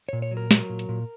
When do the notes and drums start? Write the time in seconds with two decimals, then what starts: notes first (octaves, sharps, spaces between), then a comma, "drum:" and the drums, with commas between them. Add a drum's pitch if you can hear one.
0.09 A#2 C#5
0.22 C#5
0.31 F#3
0.37 A#4
0.51 F#3, drum: snare
0.70 A#2
0.79 drum: hi-hat
0.89 A#2